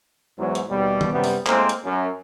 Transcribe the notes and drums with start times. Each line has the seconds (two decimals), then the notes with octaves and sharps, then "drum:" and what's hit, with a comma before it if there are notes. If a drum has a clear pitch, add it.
0.38 E2 G#2 F#3
0.55 drum: hi-hat
0.70 D#2 B2 G3
1.01 drum: tom D#3
1.13 F#2 C3 G3 B3
1.24 drum: open hi-hat
1.46 A2 G#3 A#3 C4 A#4 C5, drum: clap
1.69 drum: hi-hat
1.84 F#2